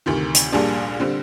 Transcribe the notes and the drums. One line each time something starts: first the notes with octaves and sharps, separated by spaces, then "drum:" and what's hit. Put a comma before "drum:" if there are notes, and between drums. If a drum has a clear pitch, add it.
D2 C3 D#3
drum: hi-hat
A#1 A#2 G3 D4 G#4
D3 G3 C4